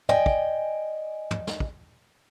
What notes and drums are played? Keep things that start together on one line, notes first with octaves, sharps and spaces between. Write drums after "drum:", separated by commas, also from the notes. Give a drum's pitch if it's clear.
D5 D#5 G5 G#5, drum: tom
drum: kick
drum: tom
drum: snare
drum: kick